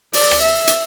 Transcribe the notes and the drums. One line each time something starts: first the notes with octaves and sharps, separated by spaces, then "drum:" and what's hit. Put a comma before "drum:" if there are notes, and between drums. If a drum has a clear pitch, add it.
D5, drum: open hi-hat
drum: rim click
E5
drum: hi-hat